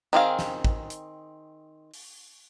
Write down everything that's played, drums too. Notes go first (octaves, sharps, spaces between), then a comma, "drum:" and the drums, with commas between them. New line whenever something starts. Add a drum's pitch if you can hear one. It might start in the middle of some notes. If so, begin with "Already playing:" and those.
D#3 C4 G#4 F5
drum: snare
drum: kick
drum: hi-hat
drum: open hi-hat